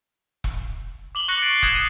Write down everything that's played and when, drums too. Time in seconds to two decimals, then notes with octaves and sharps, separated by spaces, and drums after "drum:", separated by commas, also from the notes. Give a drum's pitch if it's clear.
0.44 drum: kick E1
1.15 D6 F#7 G7
1.28 C#6 D6 F#6 A#6 C#7
1.42 A6 C7 D7 F#7
1.63 D#6 F#6 G#6 E7 F#7, drum: kick E1
1.75 D#7